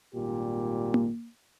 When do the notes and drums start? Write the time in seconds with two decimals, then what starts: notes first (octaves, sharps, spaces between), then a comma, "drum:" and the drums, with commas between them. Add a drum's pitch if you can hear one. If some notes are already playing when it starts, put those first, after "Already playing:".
0.15 G#1 A#2 G3 G4
0.94 drum: tom A#3